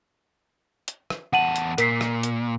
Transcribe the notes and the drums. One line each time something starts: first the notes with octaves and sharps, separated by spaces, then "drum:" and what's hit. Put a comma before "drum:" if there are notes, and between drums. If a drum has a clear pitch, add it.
drum: hi-hat
drum: rim click
E2 F#5 A5 D#7 F#7
drum: hi-hat
A#2 A#4 B6 C7, drum: hi-hat
drum: rim click
drum: hi-hat